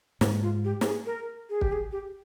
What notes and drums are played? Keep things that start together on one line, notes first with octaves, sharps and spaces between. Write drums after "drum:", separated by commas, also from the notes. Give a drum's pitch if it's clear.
G#2 G#3, drum: snare
F4
G4
G4, drum: snare
G#4
A#4
G#4
G4, drum: kick
G#4
G4